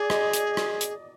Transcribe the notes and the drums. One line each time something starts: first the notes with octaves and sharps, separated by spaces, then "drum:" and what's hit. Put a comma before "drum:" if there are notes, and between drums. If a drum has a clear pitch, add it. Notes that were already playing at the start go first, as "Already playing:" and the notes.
Already playing: G#4 D5
D#5, drum: rim click
drum: hi-hat
drum: rim click
drum: hi-hat